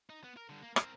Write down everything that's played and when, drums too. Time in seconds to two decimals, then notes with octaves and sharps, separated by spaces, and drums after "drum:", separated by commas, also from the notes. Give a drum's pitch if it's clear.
0.10 D#4
0.24 B3
0.37 A#4
0.49 D3 G3
0.63 A#3
0.76 C4 A#4, drum: rim click